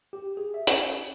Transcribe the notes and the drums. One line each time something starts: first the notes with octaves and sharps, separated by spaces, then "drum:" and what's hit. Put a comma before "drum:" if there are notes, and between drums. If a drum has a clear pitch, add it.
G4
G#4
E5
C#4, drum: hi-hat